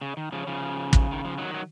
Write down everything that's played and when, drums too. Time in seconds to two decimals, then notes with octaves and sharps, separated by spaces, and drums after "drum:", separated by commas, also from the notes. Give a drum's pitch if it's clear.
0.01 C#3
0.17 D#3
0.32 C#3 F3
0.47 C#3 F3
0.93 drum: kick
1.11 D#3
1.25 F3
1.38 D#3 F#3
1.54 F#3